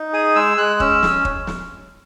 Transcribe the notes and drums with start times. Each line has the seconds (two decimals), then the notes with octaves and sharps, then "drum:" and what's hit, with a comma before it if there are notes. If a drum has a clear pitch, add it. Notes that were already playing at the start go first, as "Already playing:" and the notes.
Already playing: D#4
0.13 G#4 D#6
0.36 G#3 E6
0.58 G#3 F#6
0.80 C#4 E6, drum: kick
1.03 drum: snare
1.25 drum: kick
1.47 drum: snare